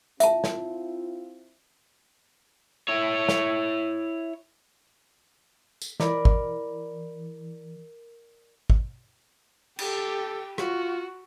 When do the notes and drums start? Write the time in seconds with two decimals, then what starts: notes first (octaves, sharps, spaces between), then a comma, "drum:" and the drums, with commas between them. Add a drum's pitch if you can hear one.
0.20 C4 E4 F4 E5 A5, drum: hi-hat
0.44 drum: snare
2.88 E4 C#5
3.29 drum: snare
5.82 drum: tambourine
6.00 E3 A#4 D5 B5, drum: snare
6.25 drum: kick
8.70 drum: kick
9.79 G4 A4 G5, drum: cymbal
10.58 F4 F#4, drum: rim click